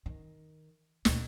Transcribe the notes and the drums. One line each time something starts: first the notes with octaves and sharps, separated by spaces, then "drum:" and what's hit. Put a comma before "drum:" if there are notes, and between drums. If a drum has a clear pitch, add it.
D#3
D2 A#2, drum: snare